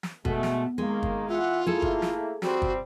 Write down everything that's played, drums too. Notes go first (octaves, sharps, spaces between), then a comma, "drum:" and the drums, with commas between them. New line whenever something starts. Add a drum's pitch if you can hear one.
drum: snare
B2 G#3 A3, drum: kick
drum: snare
D#3 G#3 A#3
drum: kick
E3 F4 E5 F#5
A3 A#3 E4 G#4 A4
drum: kick
drum: snare
F3 G3 C4 F#4, drum: snare
drum: kick